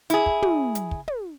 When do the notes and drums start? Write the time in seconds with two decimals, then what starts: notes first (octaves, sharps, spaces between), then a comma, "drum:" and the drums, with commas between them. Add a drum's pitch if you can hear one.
0.10 E4 G#4, drum: hi-hat
0.26 drum: kick
0.42 drum: tom
0.75 drum: hi-hat
0.91 drum: kick
1.08 drum: tom